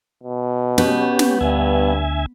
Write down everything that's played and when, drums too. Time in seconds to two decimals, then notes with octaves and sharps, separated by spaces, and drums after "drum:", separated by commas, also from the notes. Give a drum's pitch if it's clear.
0.23 B2
0.78 B3 C#4 G4, drum: snare
1.19 drum: snare
1.41 D2 G2 E5 G#5